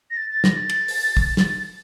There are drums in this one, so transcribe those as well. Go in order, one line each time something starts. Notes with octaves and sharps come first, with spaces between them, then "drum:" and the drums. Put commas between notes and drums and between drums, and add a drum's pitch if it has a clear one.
A#6
A6
A6
A#6, drum: snare
A6
drum: cymbal
drum: open hi-hat
drum: kick
drum: snare